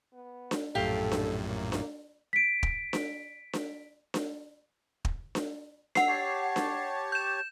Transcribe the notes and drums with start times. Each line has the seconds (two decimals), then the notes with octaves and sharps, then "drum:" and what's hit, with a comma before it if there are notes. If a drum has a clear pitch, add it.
0.13 B3
0.51 drum: snare D4
0.75 A#1 F#2 A2 G4 A4 F5
1.12 drum: snare D4
1.48 A#3
1.72 drum: snare D4
2.33 B6 D7
2.63 drum: kick
2.93 drum: snare D4
3.53 drum: snare D4
4.14 drum: snare D4
5.05 drum: kick
5.35 drum: snare D4
5.95 F#5 C7, drum: snare D4
6.08 G4 C#5 A5
6.56 drum: snare D4
7.12 G6 E7